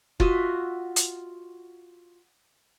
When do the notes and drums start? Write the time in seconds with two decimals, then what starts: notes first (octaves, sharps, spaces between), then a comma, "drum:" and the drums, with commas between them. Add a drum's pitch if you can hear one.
0.20 F4 F#4 D#5 E5, drum: kick
0.96 drum: hi-hat